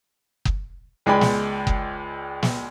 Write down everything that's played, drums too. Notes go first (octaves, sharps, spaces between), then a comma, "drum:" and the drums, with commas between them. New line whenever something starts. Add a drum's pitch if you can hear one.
drum: kick F#1
C#2 G#3 G#4 D5 G5 B5
drum: snare
drum: kick F#1
drum: snare